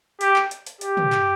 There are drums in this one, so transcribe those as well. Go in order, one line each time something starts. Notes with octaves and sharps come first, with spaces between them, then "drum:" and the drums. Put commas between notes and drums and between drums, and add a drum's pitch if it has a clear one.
G4, drum: hi-hat
drum: clap
drum: hi-hat
drum: hi-hat
G4, drum: hi-hat
drum: tom
drum: clap